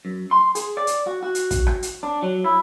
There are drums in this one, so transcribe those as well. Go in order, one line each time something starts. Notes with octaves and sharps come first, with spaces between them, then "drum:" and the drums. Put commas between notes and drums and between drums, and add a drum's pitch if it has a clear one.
F#2
C6
G#4, drum: hi-hat
D5
drum: hi-hat
F#4
F#4
drum: hi-hat
drum: kick, hi-hat
drum: rim click
drum: hi-hat
D4
F#3
E4